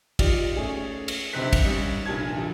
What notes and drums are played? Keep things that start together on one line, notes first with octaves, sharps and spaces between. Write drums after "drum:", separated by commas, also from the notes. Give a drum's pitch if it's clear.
D#4 F4 G4 D5, drum: kick, cymbal
A3 C#4 G#4
drum: cymbal
C#2 G2 C3 C5 F#6 B6
drum: kick, cymbal
G3 C#4 D#4
F1 A#2 D4 A5 G#6
D2 F3